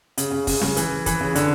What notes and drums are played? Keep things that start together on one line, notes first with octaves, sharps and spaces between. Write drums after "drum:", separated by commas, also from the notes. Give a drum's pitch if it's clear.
C#3, drum: hi-hat
C#3
C#3, drum: kick, open hi-hat
C#3, drum: snare
E3, drum: hi-hat
E3, drum: kick, hi-hat
C#3
D3, drum: hi-hat